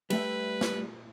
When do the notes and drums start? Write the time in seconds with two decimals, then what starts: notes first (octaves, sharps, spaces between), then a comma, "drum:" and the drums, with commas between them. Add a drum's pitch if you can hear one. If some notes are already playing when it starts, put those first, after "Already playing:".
0.10 G3 A3 B4 E5, drum: cymbal
0.61 drum: snare